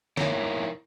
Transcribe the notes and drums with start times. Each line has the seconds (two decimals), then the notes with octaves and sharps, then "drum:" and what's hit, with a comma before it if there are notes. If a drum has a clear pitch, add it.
0.17 D#4 E4 A#4 C#5, drum: snare